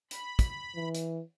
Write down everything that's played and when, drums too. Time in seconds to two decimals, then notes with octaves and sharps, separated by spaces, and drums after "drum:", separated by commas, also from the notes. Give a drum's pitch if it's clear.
0.11 B5, drum: hi-hat
0.39 drum: kick, hi-hat
0.76 E3
0.95 drum: hi-hat